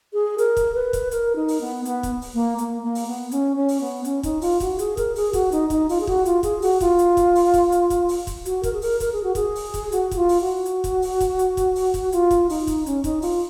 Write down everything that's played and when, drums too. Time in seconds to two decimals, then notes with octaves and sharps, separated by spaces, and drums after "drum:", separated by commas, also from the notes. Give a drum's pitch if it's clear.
0.13 G#4
0.38 A#4, drum: hi-hat
0.57 drum: kick, hi-hat
0.75 B4
0.93 drum: kick, hi-hat
1.11 A#4, drum: hi-hat
1.36 D#4
1.48 drum: open hi-hat
1.61 B3
1.85 B3, drum: hi-hat
2.03 drum: kick, hi-hat
2.22 drum: open hi-hat
2.34 A#3
2.58 A#3, drum: hi-hat
2.83 A#3
2.95 drum: open hi-hat
3.07 B3
3.31 C#4, drum: hi-hat
3.57 C#4
3.68 drum: open hi-hat
3.81 B3
4.05 C#4, drum: hi-hat
4.23 D#4, drum: kick, hi-hat
4.41 F4, drum: open hi-hat
4.60 F#4, drum: kick, hi-hat
4.79 G#4, drum: hi-hat
4.97 A#4, drum: kick, hi-hat
5.16 G#4, drum: open hi-hat
5.33 F#4, drum: kick, hi-hat
5.52 D#4, drum: hi-hat
5.70 D#4, drum: kick, hi-hat
5.89 F4, drum: open hi-hat
6.01 G#4
6.07 F#4, drum: kick
6.25 F4, drum: hi-hat
6.43 G#4, drum: kick, hi-hat
6.62 F#4, drum: open hi-hat
6.81 F4, drum: kick, hi-hat
6.99 drum: hi-hat
7.17 drum: kick, hi-hat
7.35 drum: open hi-hat
7.54 drum: kick, hi-hat
7.72 drum: hi-hat
7.90 drum: kick, hi-hat
8.09 drum: open hi-hat
8.27 drum: kick, hi-hat
8.45 F#4, drum: hi-hat
8.63 A#4, drum: kick, hi-hat
8.73 G#4
8.82 A#4, drum: open hi-hat
9.00 A#4, drum: kick, hi-hat
9.12 G#4
9.23 F#4
9.35 G#4, drum: kick, hi-hat
9.55 drum: open hi-hat
9.74 drum: kick, hi-hat
9.92 F#4, drum: hi-hat
10.11 F#4, drum: kick, hi-hat
10.16 F4
10.29 drum: open hi-hat
10.41 F#4
10.65 drum: hi-hat
10.84 drum: kick, hi-hat
11.02 drum: open hi-hat
11.21 drum: kick, hi-hat
11.39 drum: hi-hat
11.57 drum: kick, hi-hat
11.76 drum: open hi-hat
11.94 drum: kick, hi-hat
12.12 F4, drum: hi-hat
12.31 drum: kick, hi-hat
12.49 D#4, drum: open hi-hat
12.67 drum: kick, hi-hat
12.86 C#4, drum: hi-hat
13.04 D#4, drum: kick, hi-hat
13.22 F4, drum: open hi-hat